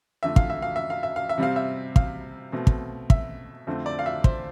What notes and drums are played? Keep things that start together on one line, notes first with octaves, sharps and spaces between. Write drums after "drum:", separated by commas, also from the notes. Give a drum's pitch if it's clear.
F2 D3 A3 E5
F5, drum: kick
E5
F5
E5
F5
E5
F5
E5
C3 G3 C4 F5
E5
F5, drum: kick
B2 A3 C4
drum: kick
E5, drum: kick
F2 D3 A3 C4
D5
F5
E5
C5, drum: kick